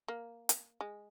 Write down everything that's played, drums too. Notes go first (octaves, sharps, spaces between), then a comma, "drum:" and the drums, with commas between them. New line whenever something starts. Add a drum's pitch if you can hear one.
A#3
drum: hi-hat
G#3